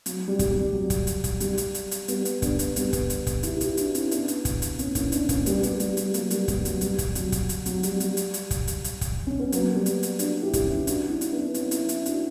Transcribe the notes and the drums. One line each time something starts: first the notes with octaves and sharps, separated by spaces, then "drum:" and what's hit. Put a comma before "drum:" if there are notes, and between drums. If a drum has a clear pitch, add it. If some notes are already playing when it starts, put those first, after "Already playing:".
F#3, drum: hi-hat
G3
drum: kick, hi-hat
G3
F#3
drum: kick, hi-hat
drum: hi-hat
drum: kick, hi-hat
G3, drum: hi-hat
drum: hi-hat
drum: hi-hat
drum: hi-hat
G3 B3, drum: hi-hat
drum: hi-hat
B3 D4, drum: kick, hi-hat
drum: hi-hat
G3 B3, drum: hi-hat
drum: kick, hi-hat
drum: hi-hat
drum: kick, hi-hat
E4 G4, drum: hi-hat
E4 G4, drum: hi-hat
D4 F#4, drum: hi-hat
C#4 E4, drum: hi-hat
B3 D4, drum: hi-hat
drum: hi-hat
drum: kick, hi-hat
drum: hi-hat
A#3 C#4, drum: hi-hat
C#4 E4, drum: kick, hi-hat
B3 D4, drum: hi-hat
A#3 C#4, drum: kick, hi-hat
G3 B3, drum: hi-hat
G3, drum: hi-hat
G3, drum: hi-hat
G3, drum: hi-hat
F#3 A#3, drum: hi-hat
G3, drum: hi-hat
G3, drum: kick, hi-hat
F#3, drum: hi-hat
G3, drum: hi-hat
drum: kick, hi-hat
F#3, drum: hi-hat
drum: kick, hi-hat
drum: hi-hat
F#3, drum: hi-hat
G3, drum: hi-hat
G3, drum: hi-hat
drum: hi-hat
drum: hi-hat
drum: kick, hi-hat
drum: hi-hat
drum: hi-hat
drum: kick, hi-hat
C#4
B3
F#3 A#3, drum: hi-hat
G3 B3
drum: hi-hat
drum: hi-hat
D4 F#4, drum: hi-hat
E4 G4
drum: kick, hi-hat
C#4 E4
D4 F#4, drum: hi-hat
C#4 E4
drum: hi-hat
B3 D4
C#4 E4, drum: hi-hat
C#4 E4, drum: hi-hat
drum: hi-hat
D4 F#4, drum: hi-hat